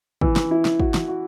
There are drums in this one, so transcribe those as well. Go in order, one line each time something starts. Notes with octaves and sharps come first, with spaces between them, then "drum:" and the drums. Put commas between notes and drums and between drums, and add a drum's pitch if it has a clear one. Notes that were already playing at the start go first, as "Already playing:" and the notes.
E3, drum: kick
drum: snare
E4
drum: snare
F#4, drum: kick
drum: snare
F#4